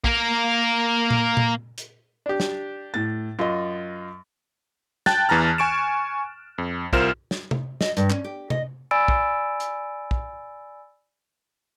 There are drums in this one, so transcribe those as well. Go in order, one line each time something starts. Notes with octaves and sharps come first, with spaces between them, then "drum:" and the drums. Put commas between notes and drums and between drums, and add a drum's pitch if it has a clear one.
A#3 A#4, drum: kick
drum: tom A#2
drum: tom A#2
drum: hi-hat
D4 G4
drum: snare
A2 A6
F#2 F4 D#5
G5 A5 F#6 A6, drum: snare
E2 E3 A5 A#5 F6
G#5 C#6 D7 E7
F2
C2 F4 A#4 C5 F6 E7, drum: kick
drum: snare
drum: tom C3
D#5, drum: snare
G2, drum: hi-hat
C#4, drum: clap
G4
D#5, drum: tom C3
D5 G#5 B5 E6 A6 D7
drum: kick
drum: hi-hat
drum: kick